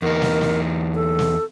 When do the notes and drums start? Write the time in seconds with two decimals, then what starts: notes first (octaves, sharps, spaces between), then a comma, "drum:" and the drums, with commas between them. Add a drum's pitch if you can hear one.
0.02 E2 D#4 A#4
0.22 drum: snare
0.41 drum: snare
0.95 A4
1.19 drum: snare